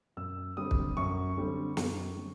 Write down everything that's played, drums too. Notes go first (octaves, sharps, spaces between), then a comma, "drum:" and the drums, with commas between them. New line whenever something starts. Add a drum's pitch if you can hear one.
F#2 E6
D3 G3 C4 D#6
drum: kick
F#2 C#6
D3 G3 C4
F#2, drum: snare
D3 G3 C4